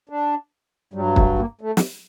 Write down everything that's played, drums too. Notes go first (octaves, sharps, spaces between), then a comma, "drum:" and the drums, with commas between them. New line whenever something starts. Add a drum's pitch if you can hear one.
D4
G2 F#3 G3
A3, drum: kick
A#3
A3
drum: snare